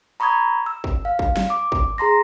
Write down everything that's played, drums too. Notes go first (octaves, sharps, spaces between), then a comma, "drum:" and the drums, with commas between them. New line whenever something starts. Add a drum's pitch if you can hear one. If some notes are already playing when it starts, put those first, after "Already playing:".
A#5 B5 C#6 D#6 G#6
E6
drum: kick
F5
drum: kick
drum: snare
D6
drum: kick
G#4 A#5 C6 A#6